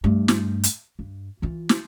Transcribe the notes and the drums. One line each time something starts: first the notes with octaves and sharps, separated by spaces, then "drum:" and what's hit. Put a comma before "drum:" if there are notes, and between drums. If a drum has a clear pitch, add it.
G2 A3
drum: snare
drum: hi-hat
G2
E3 F4
drum: snare